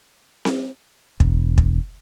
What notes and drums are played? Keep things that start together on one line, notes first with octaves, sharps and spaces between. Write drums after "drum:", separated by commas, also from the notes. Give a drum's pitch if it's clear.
drum: snare C4
E1, drum: kick
drum: kick